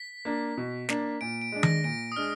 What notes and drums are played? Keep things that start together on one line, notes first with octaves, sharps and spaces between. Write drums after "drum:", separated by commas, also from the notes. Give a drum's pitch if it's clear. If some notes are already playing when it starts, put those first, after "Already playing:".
Already playing: B6
A#3 D4
B2
A#3 D4, drum: snare
A#2 D7
D7
G#3 D4
A#6, drum: tom D#3
A#2 D7
D#6
G#3 D4 F6